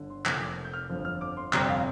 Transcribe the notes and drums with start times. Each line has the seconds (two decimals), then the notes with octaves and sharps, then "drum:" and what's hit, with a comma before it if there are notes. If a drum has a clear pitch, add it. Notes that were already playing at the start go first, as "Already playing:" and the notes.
Already playing: G1 D3
0.10 C6
0.25 F1 F2 F3 A#3 F6, drum: clap
0.41 D6
0.65 G6
0.74 F6
0.89 G1 F2 D3 F3
1.05 F6
1.21 D6
1.37 C6
1.53 G1 F2 C3 G3 C4 A#5, drum: clap
1.69 F5